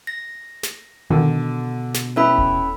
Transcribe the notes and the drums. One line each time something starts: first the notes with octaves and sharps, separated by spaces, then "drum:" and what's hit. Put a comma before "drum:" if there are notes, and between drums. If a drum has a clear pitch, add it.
A#6
drum: snare
B2 D3 D#3
drum: snare
B3 C#4 E4 A4 E5 B5
drum: kick D#1